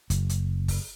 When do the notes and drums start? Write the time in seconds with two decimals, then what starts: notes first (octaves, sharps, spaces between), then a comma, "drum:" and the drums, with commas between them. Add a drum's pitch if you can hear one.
0.10 F#1, drum: kick, hi-hat
0.29 drum: hi-hat
0.68 drum: kick, open hi-hat